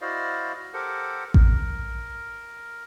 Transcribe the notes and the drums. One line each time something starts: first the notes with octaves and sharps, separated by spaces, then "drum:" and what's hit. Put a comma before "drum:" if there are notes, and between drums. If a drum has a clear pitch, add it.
E4 F#4 C5 D5 D#5 F5
G4 A4 A#4 C5 F#5
A#4, drum: kick A1